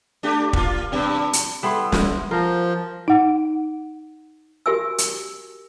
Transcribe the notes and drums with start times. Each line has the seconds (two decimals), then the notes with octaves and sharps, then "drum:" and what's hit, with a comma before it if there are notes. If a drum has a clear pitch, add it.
0.23 A3 D4 G4
0.53 A#3 F4, drum: kick
0.92 G2 B2
1.33 drum: hi-hat
1.63 G3 B3 E4 A4 B5 C6
1.92 drum: snare
2.31 F3 A#4 C5
3.08 D#4 F#5
4.66 F#4 G4 A#4 E5 G#5 E6
4.98 drum: hi-hat